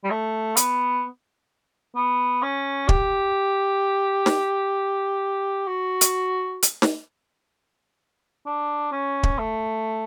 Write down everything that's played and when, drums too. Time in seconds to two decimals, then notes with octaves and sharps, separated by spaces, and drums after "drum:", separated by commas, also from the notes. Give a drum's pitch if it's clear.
0.04 G3
0.11 A3
0.57 B3, drum: hi-hat
1.95 B3
2.43 C#4
2.89 G4, drum: kick
4.26 drum: snare
5.67 F#4
6.01 drum: hi-hat
6.62 drum: hi-hat
6.82 drum: snare
8.46 D4
8.92 C#4
9.23 drum: kick
9.39 A3